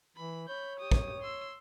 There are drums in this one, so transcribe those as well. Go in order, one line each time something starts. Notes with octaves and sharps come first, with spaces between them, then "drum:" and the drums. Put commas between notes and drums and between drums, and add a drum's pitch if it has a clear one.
E3 B5
C#5 B5 G6
G4 D#6
drum: kick
C6 E6